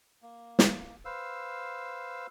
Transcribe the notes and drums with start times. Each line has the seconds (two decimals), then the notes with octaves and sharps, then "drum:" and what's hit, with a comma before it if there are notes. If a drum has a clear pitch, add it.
0.22 A#3
0.59 drum: snare
1.05 B4 C5 F5 E6